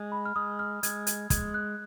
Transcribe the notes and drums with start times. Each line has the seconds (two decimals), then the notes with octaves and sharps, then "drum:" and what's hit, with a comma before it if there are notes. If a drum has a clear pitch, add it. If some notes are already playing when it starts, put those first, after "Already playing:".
Already playing: G#3
0.12 B5
0.25 F6
0.36 G#3 D#6
0.59 F6
0.83 G#3 G#6, drum: hi-hat
1.07 G#6, drum: hi-hat
1.30 G#3 G#6, drum: kick, hi-hat
1.54 F#6